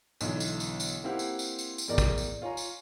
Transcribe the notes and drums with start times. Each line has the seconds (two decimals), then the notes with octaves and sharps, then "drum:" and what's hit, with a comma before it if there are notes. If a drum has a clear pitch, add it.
0.21 B1 D3 E3, drum: tambourine
0.40 drum: tambourine
0.60 drum: tambourine
0.80 drum: tambourine
1.04 A#3 C4 E4 G4 F5 F#5
1.19 drum: tambourine
1.39 drum: tambourine
1.59 drum: tambourine
1.78 drum: tambourine
1.88 E2 A2 A#4 D5
1.98 drum: kick, tambourine
2.18 drum: tambourine
2.42 F4 C#5 G#5 A#5
2.57 drum: tambourine